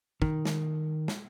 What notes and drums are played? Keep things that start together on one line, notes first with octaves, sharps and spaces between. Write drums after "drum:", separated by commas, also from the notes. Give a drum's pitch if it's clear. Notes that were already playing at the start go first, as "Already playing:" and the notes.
D#3, drum: kick
drum: snare
drum: snare